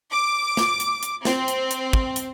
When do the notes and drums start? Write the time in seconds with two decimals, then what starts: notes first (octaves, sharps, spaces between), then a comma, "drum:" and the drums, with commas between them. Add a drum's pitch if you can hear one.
0.12 D6
0.57 drum: snare
0.80 drum: hi-hat
1.03 drum: hi-hat
1.25 C4, drum: snare
1.48 drum: hi-hat
1.71 drum: hi-hat
1.93 drum: kick
2.16 drum: hi-hat